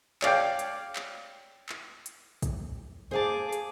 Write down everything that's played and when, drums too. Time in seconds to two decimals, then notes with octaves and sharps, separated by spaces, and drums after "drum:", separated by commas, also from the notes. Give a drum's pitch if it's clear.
0.22 C#5 D5 F5 G5, drum: clap
0.59 drum: hi-hat
0.96 drum: clap
1.69 drum: clap
2.06 drum: hi-hat
2.42 drum: kick, hi-hat
3.11 G#4 C5 F5 A5 D6
3.53 drum: hi-hat